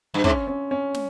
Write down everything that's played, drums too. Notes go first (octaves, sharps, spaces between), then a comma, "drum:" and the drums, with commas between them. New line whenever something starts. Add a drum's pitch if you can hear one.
G2
G#2 C#4, drum: kick
C#4
C#4
drum: snare